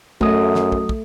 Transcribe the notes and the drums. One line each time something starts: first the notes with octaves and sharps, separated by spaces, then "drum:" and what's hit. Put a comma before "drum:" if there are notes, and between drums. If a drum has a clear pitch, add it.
F#2 F#3 A3 D#5, drum: kick
drum: snare
drum: kick
drum: kick